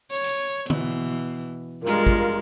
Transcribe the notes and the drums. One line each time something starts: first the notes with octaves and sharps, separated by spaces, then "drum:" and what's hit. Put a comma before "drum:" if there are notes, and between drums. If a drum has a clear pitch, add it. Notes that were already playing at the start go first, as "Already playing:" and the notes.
C#5
drum: hi-hat
B2 E3, drum: tom
G2 G#3 F4 A#4
drum: kick